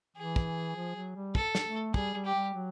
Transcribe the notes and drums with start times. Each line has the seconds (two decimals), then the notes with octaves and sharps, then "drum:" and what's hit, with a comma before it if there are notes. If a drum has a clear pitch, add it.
0.16 E3 G#4
0.36 drum: kick
0.76 F3
0.95 F#3
1.16 G3
1.35 A4, drum: kick
1.55 drum: snare
1.64 A3
1.94 G3 G#4, drum: kick
2.14 G3
2.25 G4
2.34 G3
2.54 F#3